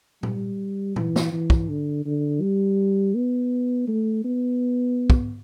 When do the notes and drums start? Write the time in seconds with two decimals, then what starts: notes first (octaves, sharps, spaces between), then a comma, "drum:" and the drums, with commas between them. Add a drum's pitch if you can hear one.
0.23 G3, drum: tom A#2
0.96 E3, drum: tom A#2
1.16 drum: snare
1.32 E3
1.50 drum: kick
1.69 D3
2.05 D3
2.41 G3
3.15 B3
3.88 A3
4.24 B3
5.10 drum: kick